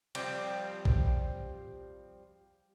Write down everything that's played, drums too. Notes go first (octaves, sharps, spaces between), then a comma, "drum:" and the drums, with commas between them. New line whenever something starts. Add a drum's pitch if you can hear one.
F3 G3 C4, drum: cymbal
drum: kick A#1